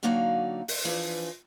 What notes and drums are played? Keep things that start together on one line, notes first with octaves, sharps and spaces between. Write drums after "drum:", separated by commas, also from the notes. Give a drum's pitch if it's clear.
D3 F#3 A#3 D#4 F#4 F5
drum: open hi-hat
E3 F3 D4 G#4